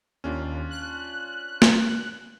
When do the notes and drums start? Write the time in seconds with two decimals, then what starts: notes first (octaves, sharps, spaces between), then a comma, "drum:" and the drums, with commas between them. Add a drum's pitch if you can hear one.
0.24 D#2 C#4 D4 F4
0.70 F#6
1.62 drum: snare